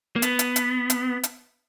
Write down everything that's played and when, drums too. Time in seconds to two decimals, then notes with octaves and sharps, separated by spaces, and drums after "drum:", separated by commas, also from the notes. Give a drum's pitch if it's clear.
0.16 A#3
0.22 B3, drum: hi-hat
0.39 drum: hi-hat
0.56 drum: hi-hat
0.90 drum: hi-hat
1.23 drum: hi-hat